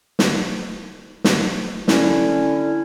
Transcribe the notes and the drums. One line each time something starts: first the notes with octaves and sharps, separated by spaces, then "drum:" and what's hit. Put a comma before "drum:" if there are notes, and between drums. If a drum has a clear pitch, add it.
drum: snare
drum: snare
D3 C#4 E4, drum: snare